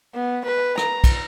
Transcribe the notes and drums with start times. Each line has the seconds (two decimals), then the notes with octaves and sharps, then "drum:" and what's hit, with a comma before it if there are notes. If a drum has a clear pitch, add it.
0.15 B3
0.45 B4
0.78 A#5, drum: rim click
1.04 drum: kick, cymbal